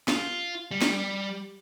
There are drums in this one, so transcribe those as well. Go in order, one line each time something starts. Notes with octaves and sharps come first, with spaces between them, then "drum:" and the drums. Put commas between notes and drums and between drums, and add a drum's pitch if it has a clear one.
F4, drum: snare
G3
drum: snare